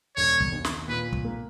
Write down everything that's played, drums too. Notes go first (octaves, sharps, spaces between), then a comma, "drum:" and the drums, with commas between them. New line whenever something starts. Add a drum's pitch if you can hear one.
E1 C#5
drum: kick
D#2
drum: snare
A#2 B4
drum: kick
A#3